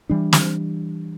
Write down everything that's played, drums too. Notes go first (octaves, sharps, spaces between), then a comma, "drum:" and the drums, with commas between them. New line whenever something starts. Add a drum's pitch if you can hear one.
E3 G3 D4
drum: snare